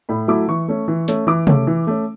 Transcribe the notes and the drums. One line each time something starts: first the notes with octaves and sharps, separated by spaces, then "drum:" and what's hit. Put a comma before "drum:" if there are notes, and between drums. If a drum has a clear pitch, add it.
A2 B5
F#3 A3 E4 D6
E3 C#6
A3 C#4
E3
A3 C#4, drum: hi-hat
E3 D6
A3 C#4, drum: tom C3
E3
A3 C#4